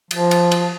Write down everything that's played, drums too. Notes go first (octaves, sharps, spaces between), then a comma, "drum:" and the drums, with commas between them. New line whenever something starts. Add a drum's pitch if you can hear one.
F3, drum: cymbal
drum: cymbal
drum: cymbal